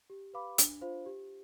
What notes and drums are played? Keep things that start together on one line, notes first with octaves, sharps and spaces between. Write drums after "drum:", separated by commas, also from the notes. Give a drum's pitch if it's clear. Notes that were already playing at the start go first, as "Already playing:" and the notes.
G4
B4 F5 B5 D6
D4, drum: hi-hat
F4 C5 F5
G4